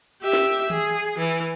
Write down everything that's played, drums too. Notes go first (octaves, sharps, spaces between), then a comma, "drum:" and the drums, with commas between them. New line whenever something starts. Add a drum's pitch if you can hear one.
G4 E5
drum: snare
G#4, drum: tom D#3
E3